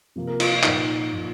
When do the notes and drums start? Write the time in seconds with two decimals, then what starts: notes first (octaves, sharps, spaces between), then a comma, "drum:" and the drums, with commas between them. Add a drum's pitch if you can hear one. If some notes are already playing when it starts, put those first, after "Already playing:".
0.16 C3 F3 A#3
0.27 A#4
0.40 F4, drum: cymbal
0.52 F4
0.63 A#2 F3 A#3 D#4, drum: clap
1.12 A#2 F3 A#3